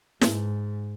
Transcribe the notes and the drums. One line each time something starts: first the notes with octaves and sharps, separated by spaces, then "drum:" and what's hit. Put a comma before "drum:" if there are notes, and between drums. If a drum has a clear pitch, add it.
G#2, drum: snare